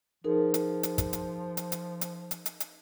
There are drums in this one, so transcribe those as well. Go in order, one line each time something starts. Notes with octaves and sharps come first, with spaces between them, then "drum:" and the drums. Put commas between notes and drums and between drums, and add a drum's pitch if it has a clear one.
F3 D#4 G#4 A#4
drum: hi-hat
drum: hi-hat
drum: kick, hi-hat
drum: hi-hat
drum: hi-hat
drum: hi-hat
drum: hi-hat
drum: hi-hat
drum: hi-hat
drum: hi-hat